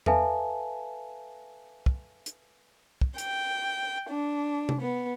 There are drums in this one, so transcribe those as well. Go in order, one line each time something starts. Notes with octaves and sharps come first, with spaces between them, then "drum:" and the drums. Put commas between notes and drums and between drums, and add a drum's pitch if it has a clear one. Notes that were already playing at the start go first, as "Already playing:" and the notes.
A4 B4 E5 F5 G#5 A5, drum: tom E2
drum: kick
drum: hi-hat
drum: kick
G5, drum: hi-hat
D4
drum: tom C3
B3